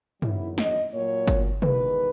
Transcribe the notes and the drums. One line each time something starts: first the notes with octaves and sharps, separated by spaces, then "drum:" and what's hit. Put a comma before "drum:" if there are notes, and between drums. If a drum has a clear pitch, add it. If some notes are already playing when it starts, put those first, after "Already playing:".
E2 D#3 F#3 E4, drum: tom
D#5, drum: snare
A#2 F#3 C#5
drum: kick G1, hi-hat
E2 D#3 G#3 B4, drum: tom